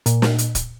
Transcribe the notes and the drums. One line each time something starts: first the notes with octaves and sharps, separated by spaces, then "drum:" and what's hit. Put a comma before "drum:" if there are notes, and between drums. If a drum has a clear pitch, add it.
A#2, drum: hi-hat
drum: snare
drum: hi-hat
drum: kick, hi-hat